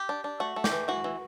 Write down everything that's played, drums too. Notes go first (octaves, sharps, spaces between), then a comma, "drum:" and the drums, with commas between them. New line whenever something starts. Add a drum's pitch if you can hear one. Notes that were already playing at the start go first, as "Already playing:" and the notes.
Already playing: G4
D4
D4
A3 F#4
A3
G4, drum: snare
E3
E3 F#4
E3